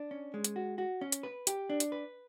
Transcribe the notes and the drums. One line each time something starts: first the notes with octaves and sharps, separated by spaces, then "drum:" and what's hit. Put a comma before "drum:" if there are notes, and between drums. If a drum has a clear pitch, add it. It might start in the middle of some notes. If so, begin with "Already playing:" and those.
Already playing: D4
C#4
G#3
drum: hi-hat
F#4
F#4
C#4
drum: hi-hat
B4
G4, drum: hi-hat
D4
drum: hi-hat
B4